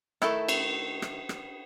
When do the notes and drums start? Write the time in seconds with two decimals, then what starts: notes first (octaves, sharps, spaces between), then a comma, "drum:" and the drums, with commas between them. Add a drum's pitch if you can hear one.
0.22 D#3 A3 E4 A4, drum: rim click
0.49 drum: cymbal
1.02 drum: rim click
1.29 drum: rim click